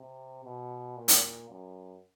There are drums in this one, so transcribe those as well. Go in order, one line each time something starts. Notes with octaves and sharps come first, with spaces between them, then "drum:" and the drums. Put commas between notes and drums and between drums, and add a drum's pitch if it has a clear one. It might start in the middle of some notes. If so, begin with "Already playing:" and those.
Already playing: C3
B2
A#2
drum: hi-hat
F#2